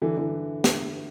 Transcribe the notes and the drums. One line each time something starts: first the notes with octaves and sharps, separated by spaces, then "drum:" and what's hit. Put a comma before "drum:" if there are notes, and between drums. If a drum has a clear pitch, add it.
D3 E3
D3 E3
drum: snare